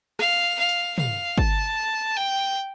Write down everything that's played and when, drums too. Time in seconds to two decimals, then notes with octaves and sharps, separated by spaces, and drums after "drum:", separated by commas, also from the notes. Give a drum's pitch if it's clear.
0.19 F5, drum: rim click
0.59 F5
0.69 drum: tambourine
0.98 F5, drum: tom
1.38 A5, drum: kick
2.16 G5